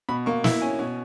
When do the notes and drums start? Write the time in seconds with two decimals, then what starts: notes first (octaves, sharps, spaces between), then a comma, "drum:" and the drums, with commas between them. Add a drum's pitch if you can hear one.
0.09 B2 B5
0.26 A#3 C#6
0.44 E4, drum: snare
0.62 C#4 G#5
0.79 B2